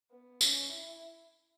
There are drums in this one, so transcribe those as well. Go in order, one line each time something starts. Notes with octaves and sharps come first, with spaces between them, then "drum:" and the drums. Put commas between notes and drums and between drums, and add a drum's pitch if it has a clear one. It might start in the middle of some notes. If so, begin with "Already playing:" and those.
B3
C#4, drum: tambourine
E4